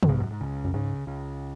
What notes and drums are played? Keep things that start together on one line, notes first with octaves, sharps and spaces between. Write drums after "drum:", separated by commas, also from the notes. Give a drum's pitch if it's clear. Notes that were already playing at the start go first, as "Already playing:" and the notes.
F#2, drum: tom C3
B1 G#2 B2
F#2
G#2
C#2 C#3
F#2
C#2 G#2 C#3
C#2 C#3